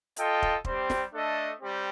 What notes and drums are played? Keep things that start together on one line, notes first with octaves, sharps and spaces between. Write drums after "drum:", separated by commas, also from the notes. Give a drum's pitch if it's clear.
F4 A4 D#5 G5, drum: hi-hat
drum: kick
G3 C4 G4 C5, drum: kick
drum: snare
A3 D4 A4 D#5
G3 C4 G4